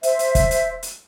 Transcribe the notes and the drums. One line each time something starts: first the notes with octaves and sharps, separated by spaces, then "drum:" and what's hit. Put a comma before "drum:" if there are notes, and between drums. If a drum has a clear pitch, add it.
C5 E5, drum: hi-hat
drum: hi-hat
drum: kick, hi-hat
drum: hi-hat
drum: hi-hat